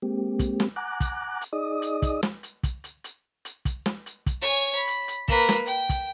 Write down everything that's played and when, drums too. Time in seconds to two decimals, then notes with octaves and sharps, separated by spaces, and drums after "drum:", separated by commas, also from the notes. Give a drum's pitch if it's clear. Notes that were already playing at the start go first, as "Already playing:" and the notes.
0.02 G#3 A#3 C4 G4
0.39 drum: kick, hi-hat
0.60 drum: snare
0.76 F#5 G#5 A#5 D6 F#6
1.00 drum: kick, hi-hat
1.41 drum: hi-hat
1.53 D#4 G#4 D5 D#5 D#6
1.82 drum: hi-hat
2.02 drum: kick, hi-hat
2.23 drum: snare
2.43 drum: hi-hat
2.63 drum: kick, hi-hat
2.84 drum: hi-hat
3.04 drum: hi-hat
3.45 drum: hi-hat
3.65 drum: kick, hi-hat
3.86 drum: snare
4.06 drum: hi-hat
4.26 drum: kick, hi-hat
4.42 C#5 G#5
4.76 B5
4.88 drum: hi-hat
5.08 drum: hi-hat
5.28 A#3 B4, drum: kick, hi-hat
5.49 drum: snare
5.67 G5, drum: hi-hat
5.89 drum: kick, hi-hat